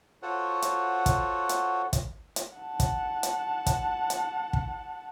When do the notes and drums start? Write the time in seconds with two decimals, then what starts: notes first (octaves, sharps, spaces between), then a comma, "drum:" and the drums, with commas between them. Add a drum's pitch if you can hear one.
0.23 F4 F#4 A4 C5 C#5 F#5
0.62 drum: hi-hat
1.06 drum: kick, hi-hat
1.49 drum: hi-hat
1.93 drum: kick, hi-hat
2.36 drum: hi-hat
2.58 F#5 A5
2.80 drum: kick, hi-hat
3.23 drum: hi-hat
3.66 drum: kick, hi-hat
4.10 drum: hi-hat
4.53 drum: kick